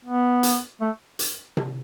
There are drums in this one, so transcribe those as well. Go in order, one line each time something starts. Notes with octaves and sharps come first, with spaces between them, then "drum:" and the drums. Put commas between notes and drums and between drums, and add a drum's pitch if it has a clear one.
B3
drum: hi-hat
A3
drum: hi-hat
drum: tom C3